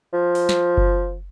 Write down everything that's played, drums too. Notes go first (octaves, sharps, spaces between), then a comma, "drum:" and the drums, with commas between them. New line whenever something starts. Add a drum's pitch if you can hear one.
F3
drum: open hi-hat
drum: snare
drum: kick F#1